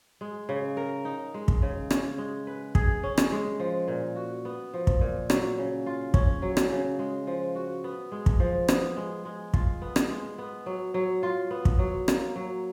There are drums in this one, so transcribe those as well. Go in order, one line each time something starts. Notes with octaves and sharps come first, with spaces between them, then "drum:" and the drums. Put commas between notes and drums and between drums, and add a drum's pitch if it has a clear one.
G#3
C#3
A#4
D#4
G#3
drum: kick
C#3
C#4, drum: rim click
G#3
B4
G#4, drum: kick
C#4
drum: rim click
G#3
F3
A#2
F#4
B3
F3
drum: kick
A#2
F#3, drum: rim click
C#3
F4
C#4, drum: kick
F#3
drum: rim click
C#3
G#3
F3
F#4
B3
G#3
drum: kick
F3
B3, drum: rim click
G#3
G#3
F4, drum: kick
B3
drum: rim click
G#3
B3
F#3
F#3
F4
B3
drum: kick
F#3
A#3, drum: rim click
F#3